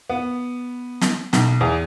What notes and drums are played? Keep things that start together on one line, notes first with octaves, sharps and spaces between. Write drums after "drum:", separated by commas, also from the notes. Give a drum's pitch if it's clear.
B3
drum: snare
B1, drum: snare
E2